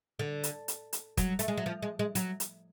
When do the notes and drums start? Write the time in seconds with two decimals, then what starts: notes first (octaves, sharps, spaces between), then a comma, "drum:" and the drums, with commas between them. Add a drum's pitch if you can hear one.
0.19 D3
0.43 drum: hi-hat
0.68 drum: hi-hat
0.93 drum: hi-hat
1.17 F#3, drum: kick, hi-hat
1.39 A3, drum: hi-hat
1.48 G#3
1.57 F#3
1.66 F3
1.82 G#3
1.99 G#3
2.15 F#3, drum: hi-hat
2.40 drum: hi-hat